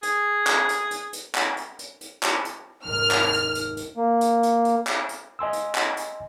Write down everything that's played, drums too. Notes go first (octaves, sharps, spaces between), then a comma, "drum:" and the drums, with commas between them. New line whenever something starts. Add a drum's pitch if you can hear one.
G#4, drum: hi-hat
drum: clap
drum: hi-hat
drum: hi-hat
drum: hi-hat
drum: clap
drum: hi-hat
drum: hi-hat
drum: hi-hat
drum: clap
drum: hi-hat
F1 D#2 G#2 F6
drum: clap
drum: hi-hat
drum: hi-hat
drum: hi-hat
A#3
drum: hi-hat
drum: hi-hat
drum: hi-hat
drum: clap
drum: hi-hat
D#5 G#5 C6 E6
drum: hi-hat
drum: clap
drum: hi-hat